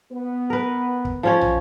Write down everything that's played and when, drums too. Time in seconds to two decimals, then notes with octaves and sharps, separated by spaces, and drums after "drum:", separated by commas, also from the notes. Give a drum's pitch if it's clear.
0.11 B3
0.50 A#4 B4
1.05 drum: kick
1.23 F3 C#4 C#5
1.41 drum: tom